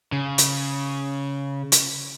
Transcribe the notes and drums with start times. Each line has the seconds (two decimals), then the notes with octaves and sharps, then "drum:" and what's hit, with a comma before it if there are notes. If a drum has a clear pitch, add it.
0.12 C#3
0.38 drum: hi-hat
1.72 drum: hi-hat